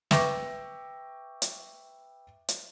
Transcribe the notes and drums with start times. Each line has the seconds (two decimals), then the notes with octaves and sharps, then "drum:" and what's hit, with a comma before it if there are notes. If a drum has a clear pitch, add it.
0.11 B4 E5 G5 C#6 D6 A#6, drum: snare
1.42 drum: hi-hat
2.49 drum: hi-hat